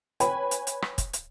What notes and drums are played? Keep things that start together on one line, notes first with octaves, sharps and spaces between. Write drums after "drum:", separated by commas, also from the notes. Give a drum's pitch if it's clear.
B4 C#5 G5 G#5 B5, drum: hi-hat
drum: hi-hat
drum: hi-hat
drum: rim click
drum: kick, hi-hat
drum: hi-hat